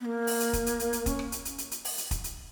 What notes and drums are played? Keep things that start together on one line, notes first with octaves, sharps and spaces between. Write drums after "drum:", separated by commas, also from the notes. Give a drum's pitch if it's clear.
B3
A#3
drum: open hi-hat
drum: hi-hat
drum: kick, hi-hat
drum: hi-hat
drum: hi-hat
drum: hi-hat
C#4, drum: kick, hi-hat
drum: rim click
drum: hi-hat
drum: hi-hat
drum: hi-hat
drum: hi-hat
drum: open hi-hat
drum: hi-hat
drum: kick, hi-hat
drum: hi-hat